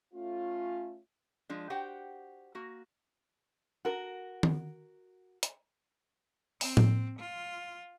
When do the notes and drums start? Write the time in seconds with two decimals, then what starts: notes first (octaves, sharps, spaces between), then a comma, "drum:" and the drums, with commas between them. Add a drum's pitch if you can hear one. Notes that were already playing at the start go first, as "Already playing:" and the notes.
0.13 A3 C#4 F4
1.50 F3 G#3 D4
1.70 F#4 G4 C5 F#5 G5
2.55 A#3 F#4
3.85 F#4 A#4
4.43 drum: tom D#3
5.43 drum: hi-hat
6.61 C4, drum: open hi-hat
6.77 drum: tom A2
7.19 F4